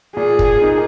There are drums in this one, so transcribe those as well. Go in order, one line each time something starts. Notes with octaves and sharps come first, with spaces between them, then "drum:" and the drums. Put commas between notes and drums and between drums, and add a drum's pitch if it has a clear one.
A#2 G#4
drum: kick
A#3 D#4